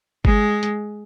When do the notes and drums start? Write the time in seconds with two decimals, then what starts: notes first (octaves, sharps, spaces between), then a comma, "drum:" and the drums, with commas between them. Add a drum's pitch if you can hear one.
0.25 G#3, drum: kick G1
0.63 drum: hi-hat